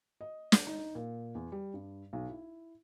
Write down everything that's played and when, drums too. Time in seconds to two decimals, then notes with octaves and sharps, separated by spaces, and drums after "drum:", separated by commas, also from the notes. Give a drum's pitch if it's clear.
0.21 D#5
0.52 drum: snare
0.67 D#4
0.95 A#2
1.35 E2
1.52 G3
1.74 G2
2.13 B1
2.29 E4